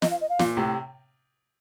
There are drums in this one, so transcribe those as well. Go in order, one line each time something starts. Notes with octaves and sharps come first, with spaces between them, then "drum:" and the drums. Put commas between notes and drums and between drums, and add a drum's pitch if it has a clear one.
D#5, drum: snare
F5
D#5
F5
A#2, drum: snare
A2 C3